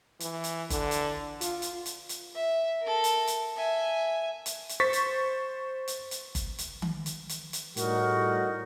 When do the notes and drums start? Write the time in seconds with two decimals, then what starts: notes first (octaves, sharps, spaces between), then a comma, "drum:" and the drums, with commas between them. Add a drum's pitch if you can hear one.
0.20 E3, drum: hi-hat
0.44 drum: hi-hat
0.70 D3, drum: kick G1, hi-hat
0.91 drum: hi-hat
1.41 F4, drum: hi-hat
1.62 drum: hi-hat
1.86 drum: hi-hat
2.09 drum: hi-hat
2.35 E5
2.82 A4 A#4
3.04 drum: hi-hat
3.27 drum: hi-hat
3.56 E5 G#5
4.46 drum: hi-hat
4.69 drum: hi-hat
4.80 C5 C#6 A6 B6
4.93 drum: hi-hat
5.88 drum: hi-hat
6.11 drum: hi-hat
6.35 drum: kick G1, hi-hat
6.58 drum: hi-hat
6.82 drum: tom D#3
7.06 drum: hi-hat
7.29 drum: hi-hat
7.53 drum: hi-hat
7.77 A2 G3 D#4 F#4 A#4, drum: hi-hat